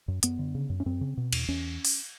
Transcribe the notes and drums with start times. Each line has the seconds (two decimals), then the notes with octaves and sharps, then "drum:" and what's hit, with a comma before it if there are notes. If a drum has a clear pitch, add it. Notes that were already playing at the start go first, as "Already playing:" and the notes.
0.08 F#2
0.23 F#2 B3, drum: hi-hat
0.39 D3
0.55 C#3
0.70 F#2
0.80 C#4
0.86 F#2 C4
1.01 C#3
1.17 B2
1.33 E2, drum: cymbal
1.48 E2 C#4
1.85 drum: open hi-hat